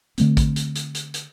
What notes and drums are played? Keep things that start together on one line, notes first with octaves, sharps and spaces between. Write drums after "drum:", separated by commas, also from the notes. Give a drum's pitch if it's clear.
D3 A3 C4, drum: hi-hat
drum: kick, hi-hat
drum: hi-hat
drum: hi-hat
drum: hi-hat
drum: hi-hat